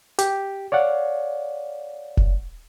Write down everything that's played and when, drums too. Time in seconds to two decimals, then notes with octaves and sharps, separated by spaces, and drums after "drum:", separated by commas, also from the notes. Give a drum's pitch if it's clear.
0.19 G4, drum: hi-hat
0.72 C#5 D5 F5 F#5
2.17 drum: kick F1